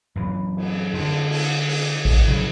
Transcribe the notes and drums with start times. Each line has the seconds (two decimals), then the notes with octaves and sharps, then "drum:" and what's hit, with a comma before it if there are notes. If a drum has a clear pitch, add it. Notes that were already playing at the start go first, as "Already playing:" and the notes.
0.16 F#2 E3
0.57 drum: cymbal
0.94 D3, drum: cymbal
1.31 drum: cymbal
1.68 drum: cymbal
2.05 drum: kick A1, cymbal
2.27 C#3 F#3 G3